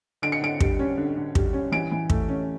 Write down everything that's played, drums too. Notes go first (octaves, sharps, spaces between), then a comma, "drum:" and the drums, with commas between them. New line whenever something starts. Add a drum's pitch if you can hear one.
D3 D7
C#7
D3 D7
G3, drum: kick
C#4
D3
D3
G3, drum: kick
C#4
E3 D7
E3
A3, drum: kick
C#4